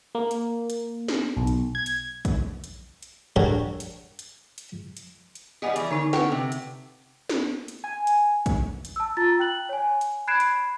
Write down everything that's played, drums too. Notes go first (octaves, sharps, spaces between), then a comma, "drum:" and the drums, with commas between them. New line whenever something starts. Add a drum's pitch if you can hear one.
A#3
drum: hi-hat
drum: hi-hat
drum: snare
B1
drum: hi-hat
G#6
drum: hi-hat
drum: kick A#1, hi-hat
drum: hi-hat
drum: hi-hat
D4 F#4 G4 A4 A#4 C#5
drum: hi-hat
drum: hi-hat
drum: hi-hat
drum: hi-hat
drum: hi-hat
G3 B3 G#4 D#5 F#5 G#5
E3 G3, drum: hi-hat
D3 D#4 C#5 G#5
A4 B4 F#5 G5, drum: snare
C3
drum: hi-hat
drum: snare
drum: hi-hat
G#5
drum: hi-hat
drum: kick A#1, hi-hat
drum: hi-hat
A5 E6
F4 A#5 A6
G5 F#6 F#7
C#5 G#5
drum: hi-hat
B5 F#6 G#6 C7 D7 E7
drum: hi-hat